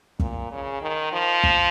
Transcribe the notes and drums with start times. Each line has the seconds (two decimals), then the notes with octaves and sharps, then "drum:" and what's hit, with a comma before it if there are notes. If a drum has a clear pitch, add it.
0.19 A#2, drum: kick
0.51 C#3
0.81 D#3
1.12 F3
1.43 drum: kick